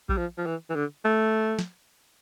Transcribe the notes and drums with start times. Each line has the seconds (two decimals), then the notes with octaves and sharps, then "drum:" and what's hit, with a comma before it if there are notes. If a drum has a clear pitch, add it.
0.09 G3, drum: kick A#1
0.17 F3
0.38 F3
0.46 E3
0.70 E3
0.76 D3
1.05 A3
1.59 drum: snare